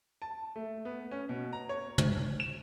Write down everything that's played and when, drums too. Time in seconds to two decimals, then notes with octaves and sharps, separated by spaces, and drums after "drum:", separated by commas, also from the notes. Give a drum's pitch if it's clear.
0.22 A5
0.56 A3
0.85 B3
1.11 C#4
1.29 B2
1.53 A#5
1.69 C#5
1.98 drum: tom
2.40 E7